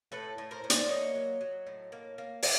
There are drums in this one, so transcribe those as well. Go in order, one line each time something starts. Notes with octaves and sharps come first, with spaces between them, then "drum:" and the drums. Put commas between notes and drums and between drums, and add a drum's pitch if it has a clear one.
A2 A4 B4
A2
A#4 C5
A2
C5 D5, drum: hi-hat
A#3 C#5 D#5
F#3
F#3
A2
A#3
A#3
A#3 D5 E5, drum: open hi-hat